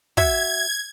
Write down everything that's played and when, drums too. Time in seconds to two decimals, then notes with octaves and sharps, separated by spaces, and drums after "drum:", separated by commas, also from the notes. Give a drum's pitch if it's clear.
0.17 F#4 E5 G#6, drum: kick